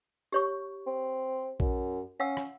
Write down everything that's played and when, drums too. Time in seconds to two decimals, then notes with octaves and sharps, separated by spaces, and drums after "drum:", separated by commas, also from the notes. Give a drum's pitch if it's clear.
0.32 G4 C#5 C#6
0.87 C4
1.60 F#2, drum: kick A#1
2.20 C#4 F5 F#5 E6
2.37 drum: rim click